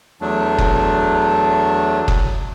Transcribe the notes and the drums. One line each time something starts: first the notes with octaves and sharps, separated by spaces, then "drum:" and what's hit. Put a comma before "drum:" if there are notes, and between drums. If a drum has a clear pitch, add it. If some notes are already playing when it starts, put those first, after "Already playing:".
E2 F#3 A3 D4
drum: kick
drum: kick